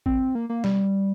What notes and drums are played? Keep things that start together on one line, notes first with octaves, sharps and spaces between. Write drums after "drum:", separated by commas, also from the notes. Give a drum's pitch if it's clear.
C4, drum: kick
A#3
A#3
G3, drum: snare